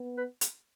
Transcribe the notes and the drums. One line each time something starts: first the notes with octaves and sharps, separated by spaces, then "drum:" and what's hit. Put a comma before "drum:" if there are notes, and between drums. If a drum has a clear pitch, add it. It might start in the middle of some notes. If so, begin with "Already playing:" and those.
Already playing: B3
B4
drum: hi-hat